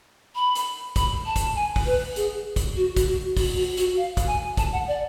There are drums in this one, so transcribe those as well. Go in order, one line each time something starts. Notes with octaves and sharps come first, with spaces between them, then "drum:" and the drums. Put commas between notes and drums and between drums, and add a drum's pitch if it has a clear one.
B5
drum: hi-hat
B5, drum: kick, hi-hat
A5
drum: kick, hi-hat
G#5
drum: kick, open hi-hat
B4
G#4, drum: hi-hat
drum: kick, hi-hat
F#4
drum: kick, hi-hat
F#4
F#4, drum: kick, open hi-hat
F#4
F#4, drum: hi-hat
F5
drum: kick, hi-hat
G#5
A5, drum: kick, hi-hat
F#5
D5